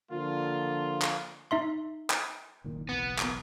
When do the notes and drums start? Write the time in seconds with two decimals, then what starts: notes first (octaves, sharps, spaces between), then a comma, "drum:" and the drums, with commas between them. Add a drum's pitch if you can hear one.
0.10 D3 F3 A#3 F4
1.02 drum: clap
1.51 D#4 E5 C6
2.10 drum: clap
2.64 F#1 A#2 D#3
2.89 F#1 B1 E2 B3
3.18 drum: clap